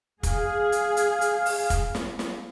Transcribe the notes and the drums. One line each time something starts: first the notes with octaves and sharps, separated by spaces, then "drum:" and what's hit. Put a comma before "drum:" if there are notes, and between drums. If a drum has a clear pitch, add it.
G#4 F5, drum: kick, hi-hat
drum: hi-hat
drum: hi-hat
drum: hi-hat
drum: open hi-hat
drum: kick, hi-hat
drum: snare
drum: snare